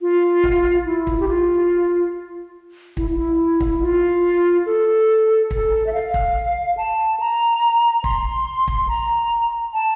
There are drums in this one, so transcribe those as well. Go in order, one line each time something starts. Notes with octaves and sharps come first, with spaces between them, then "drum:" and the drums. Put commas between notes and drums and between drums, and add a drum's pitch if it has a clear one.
F4
drum: kick
E4
drum: kick
G4
F4
E4, drum: kick
E4
drum: kick
F4
A4
A4, drum: kick
E5
F5
drum: kick
A5
A#5
C6, drum: kick
drum: kick
A#5
A5